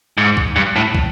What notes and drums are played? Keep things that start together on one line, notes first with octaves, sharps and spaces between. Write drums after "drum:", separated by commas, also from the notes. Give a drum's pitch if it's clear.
G#2
drum: kick
G2
A2
drum: kick